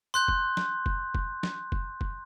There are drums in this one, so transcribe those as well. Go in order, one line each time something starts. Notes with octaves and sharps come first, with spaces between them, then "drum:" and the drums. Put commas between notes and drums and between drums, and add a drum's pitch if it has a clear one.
C6 F#6 G6
drum: kick
drum: snare
drum: kick
drum: kick
drum: snare
drum: kick
drum: kick